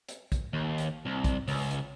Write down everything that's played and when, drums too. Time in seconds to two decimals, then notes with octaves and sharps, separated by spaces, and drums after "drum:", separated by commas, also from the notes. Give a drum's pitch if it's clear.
0.09 drum: hi-hat
0.32 drum: kick, hi-hat
0.53 D#2
0.78 drum: hi-hat
1.05 C2
1.24 drum: kick, hi-hat
1.48 C#2, drum: open hi-hat
1.71 drum: hi-hat